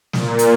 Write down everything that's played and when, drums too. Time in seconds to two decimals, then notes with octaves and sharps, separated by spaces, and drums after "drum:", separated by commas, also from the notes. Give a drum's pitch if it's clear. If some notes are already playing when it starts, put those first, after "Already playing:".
0.13 A#2, drum: snare
0.39 drum: hi-hat